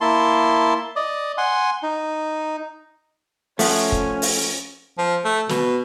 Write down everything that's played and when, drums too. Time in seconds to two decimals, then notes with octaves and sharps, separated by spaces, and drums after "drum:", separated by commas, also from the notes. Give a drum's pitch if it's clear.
0.01 A#3 E4 A5 C6
0.96 D5 D#5
1.38 F#5 G#5 C6
1.83 D#4
3.59 F3 A3 C#4 E5 F#5, drum: open hi-hat
3.92 drum: kick
4.22 drum: open hi-hat
4.98 F3
5.25 A3
5.49 B2, drum: snare